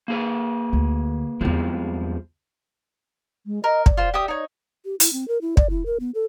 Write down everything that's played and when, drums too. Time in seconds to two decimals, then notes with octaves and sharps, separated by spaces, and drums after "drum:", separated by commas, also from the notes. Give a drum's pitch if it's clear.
0.08 A#3 G#4 B4
0.73 D2
1.41 E2 G2 F3 G#3 C4
3.46 G#3
3.64 A#4 D#5
3.86 D5, drum: kick
3.97 F4 C5
4.14 G4 E5 D#6
4.28 D#4 C#5
4.85 G4
5.00 E4, drum: hi-hat
5.13 C4
5.28 A#4
5.41 E4
5.57 D5, drum: kick
5.70 E4
5.86 A#4
6.00 B3
6.15 A4